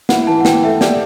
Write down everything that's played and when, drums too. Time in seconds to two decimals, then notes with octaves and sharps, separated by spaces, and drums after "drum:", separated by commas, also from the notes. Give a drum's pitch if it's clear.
0.09 E4 F#5, drum: snare
0.27 E3 A5
0.40 F#5
0.45 E3 G5, drum: snare
0.63 A3 E5
0.81 G4 D5, drum: snare